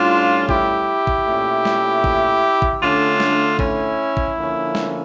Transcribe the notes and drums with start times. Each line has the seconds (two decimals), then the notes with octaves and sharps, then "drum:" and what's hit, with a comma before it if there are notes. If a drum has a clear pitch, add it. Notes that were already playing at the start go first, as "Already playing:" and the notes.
Already playing: A2 G3 C#4 D4 F4
0.49 E4 G4, drum: kick
1.07 drum: kick
1.27 A#2 A3 C#4
1.65 drum: snare
2.04 drum: kick
2.62 drum: kick
2.81 D3 A3 C#4 D4 F4
3.20 drum: snare
3.59 C#4 E4, drum: kick
4.17 drum: kick
4.36 D3 F3 A#3 C#4
4.75 drum: snare